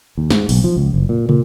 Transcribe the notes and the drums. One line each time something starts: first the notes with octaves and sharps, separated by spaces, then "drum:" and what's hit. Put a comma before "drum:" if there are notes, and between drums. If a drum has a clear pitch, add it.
D#2
G#2, drum: snare
B1, drum: open hi-hat
F3
C#2
F#1
A#2
A#2, drum: tom